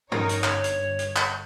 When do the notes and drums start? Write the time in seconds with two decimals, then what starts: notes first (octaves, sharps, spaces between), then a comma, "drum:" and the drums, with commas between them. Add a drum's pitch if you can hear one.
0.12 C#4 D#4 A#4 C#5, drum: tom G2
0.29 drum: hi-hat
0.44 G1 C#5, drum: clap
0.64 drum: hi-hat
0.99 drum: hi-hat
1.16 drum: clap